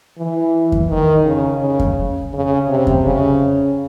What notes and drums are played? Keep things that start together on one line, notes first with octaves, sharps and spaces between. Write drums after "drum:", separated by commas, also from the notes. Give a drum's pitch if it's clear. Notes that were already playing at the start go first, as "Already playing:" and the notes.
E3
drum: kick F2
D#3
C#3
C#3
drum: kick F2
C#3
C3
drum: kick F2
C#3